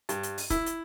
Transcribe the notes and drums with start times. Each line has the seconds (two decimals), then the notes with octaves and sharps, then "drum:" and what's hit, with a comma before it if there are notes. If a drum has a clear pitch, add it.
0.09 G2, drum: hi-hat
0.23 drum: hi-hat
0.38 drum: open hi-hat
0.50 E4, drum: kick, hi-hat
0.66 drum: hi-hat